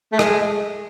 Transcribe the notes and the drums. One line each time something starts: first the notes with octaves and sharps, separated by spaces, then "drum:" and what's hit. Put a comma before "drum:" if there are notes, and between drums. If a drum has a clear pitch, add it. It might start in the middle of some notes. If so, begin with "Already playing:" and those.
A3
G#3, drum: rim click